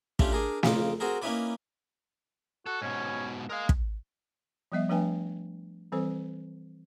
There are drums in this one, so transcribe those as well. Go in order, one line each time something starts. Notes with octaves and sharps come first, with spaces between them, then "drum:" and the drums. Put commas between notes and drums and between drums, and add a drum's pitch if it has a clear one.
G3 A3 C#4 D4 F4 G4, drum: kick
D4 G#4 A#4
F2 C#3 D#4 F4 D6, drum: snare
C4 F#4 G#4 A#4
A#3 C#4 D#4 E4 B4 D5
F#4 A4
G#2 B2 C#4
G#3 A#4 F5
drum: kick
F3 G3 B3 D#5 E5
F3 A3 D4 B4 G5 G#5
E3 G3 C4 A4 C5